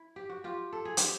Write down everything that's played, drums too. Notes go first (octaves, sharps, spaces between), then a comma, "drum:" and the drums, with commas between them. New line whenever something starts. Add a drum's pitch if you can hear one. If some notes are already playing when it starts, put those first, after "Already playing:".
Already playing: E4
G4
F#4
F4 G4
A4
G#4
G4, drum: hi-hat